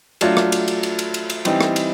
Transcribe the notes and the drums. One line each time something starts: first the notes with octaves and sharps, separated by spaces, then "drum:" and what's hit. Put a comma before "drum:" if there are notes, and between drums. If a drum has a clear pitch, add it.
F#3 A3 D4 F4, drum: cymbal
drum: rim click
drum: cymbal
drum: cymbal
drum: cymbal
drum: cymbal
drum: cymbal
drum: cymbal
E3 G3 C4 D#4, drum: cymbal
drum: rim click
drum: cymbal